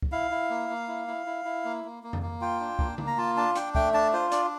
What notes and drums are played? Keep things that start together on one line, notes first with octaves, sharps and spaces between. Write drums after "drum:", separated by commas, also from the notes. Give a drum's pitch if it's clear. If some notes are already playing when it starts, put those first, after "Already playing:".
drum: kick
E4 F5
E4
A#3
A#3
E4
E4
E4
E4
A#3
A#3
A#3
drum: tom F2
A#3
F4 G5
D4
A#3, drum: kick
A#3, drum: tom C#3
A#5
F4 A5
D4 A5
D4 G5, drum: hi-hat
A3 G5, drum: kick
D4 A5
F4 C5
D4 D5, drum: hi-hat